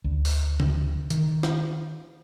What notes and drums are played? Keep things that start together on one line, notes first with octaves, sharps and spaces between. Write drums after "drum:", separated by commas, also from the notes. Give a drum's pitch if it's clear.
D2
drum: open hi-hat
drum: tom C#3
D#3, drum: hi-hat
drum: snare